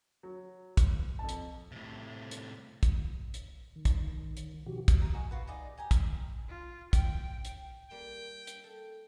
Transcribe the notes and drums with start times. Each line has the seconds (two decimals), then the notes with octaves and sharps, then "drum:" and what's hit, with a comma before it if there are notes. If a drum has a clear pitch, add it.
0.23 F#3
0.77 drum: kick, hi-hat
1.19 F2 A5
1.29 drum: hi-hat
1.72 A2 C3
2.31 drum: hi-hat
2.83 drum: kick, hi-hat
3.34 drum: hi-hat
3.76 D#3
3.85 drum: kick, hi-hat
4.37 drum: hi-hat
4.66 B2 D#3 F3 F#4 G4
4.88 drum: kick, hi-hat
5.02 A#5 D#6
5.14 F#4 G#4 D#5 A#5
5.31 F4 F#4 B4
5.47 D#4 G#4 D5 D#5
5.77 G4 G#5 A#5
5.91 A#5, drum: kick, hi-hat
6.49 F4
6.93 G5, drum: kick, hi-hat
7.45 drum: hi-hat
7.91 G3 A#3 G5
8.47 drum: hi-hat
8.64 A4